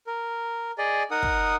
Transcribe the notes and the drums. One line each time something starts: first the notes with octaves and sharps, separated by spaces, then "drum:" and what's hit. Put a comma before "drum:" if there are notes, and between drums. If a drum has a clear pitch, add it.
A#4
G#4 D5 D#5
D#4 A#4 F#5 D#6
drum: kick